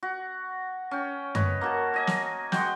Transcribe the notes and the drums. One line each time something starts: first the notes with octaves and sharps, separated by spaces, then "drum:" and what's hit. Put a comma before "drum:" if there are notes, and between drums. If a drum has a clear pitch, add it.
F#4
C#4 G5
B4 C#5 D#5, drum: tom F#2
A#3 F#4 A5
C#5 D#5 G#5
drum: snare
G#3 F#4 G5, drum: snare